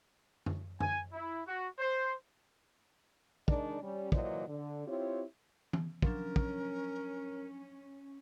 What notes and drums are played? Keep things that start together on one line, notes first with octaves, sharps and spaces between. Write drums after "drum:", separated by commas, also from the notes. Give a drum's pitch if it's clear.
drum: tom F#2
G#5, drum: tom F#2
E4
F#4
C5
G#3 D4 D#4 A#4 D5, drum: kick
G3 C#4
A#2 E3 F#3 C5 D5 D#5, drum: kick
D3
C4 E4 F4 G4 C#5
drum: tom E3
F3 F#3 C#4 D4 A#4, drum: kick
drum: kick